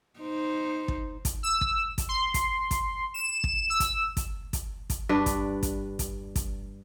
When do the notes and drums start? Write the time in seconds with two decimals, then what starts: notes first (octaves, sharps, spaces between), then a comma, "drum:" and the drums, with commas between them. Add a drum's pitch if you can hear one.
0.20 D#4 C5
0.88 drum: kick
1.25 drum: kick, hi-hat
1.43 E6
1.61 drum: kick
1.98 drum: kick, hi-hat
2.09 C6
2.34 drum: kick, hi-hat
2.71 drum: kick, hi-hat
3.14 E7
3.44 drum: kick
3.70 E6
3.80 drum: kick, hi-hat
4.17 drum: kick, hi-hat
4.53 drum: kick, hi-hat
4.90 drum: kick, hi-hat
5.09 G2 D4 B4 D5
5.26 drum: kick, hi-hat
5.63 drum: kick, hi-hat
5.99 drum: kick, hi-hat
6.36 drum: kick, hi-hat